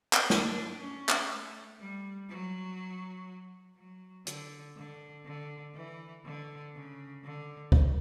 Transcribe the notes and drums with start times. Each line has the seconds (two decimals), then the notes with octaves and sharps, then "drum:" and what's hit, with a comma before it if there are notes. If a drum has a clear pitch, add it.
0.13 drum: clap
0.30 D4, drum: snare
0.80 C#4
1.09 drum: clap
1.29 A3
1.80 G3
2.29 F#3
3.78 F#3
4.27 D3, drum: hi-hat
4.77 D3
5.26 D3
5.75 E3
6.25 D3
6.75 C#3
7.25 D3
7.72 drum: kick